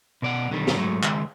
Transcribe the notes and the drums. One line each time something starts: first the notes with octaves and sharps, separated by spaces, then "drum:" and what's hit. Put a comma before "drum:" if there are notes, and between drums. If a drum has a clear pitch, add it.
B2 D5 F#5
B1 D3 D#3 G3
drum: snare
G#2 F#3 G#3 A3
C#2 D#3 G#3 E5, drum: clap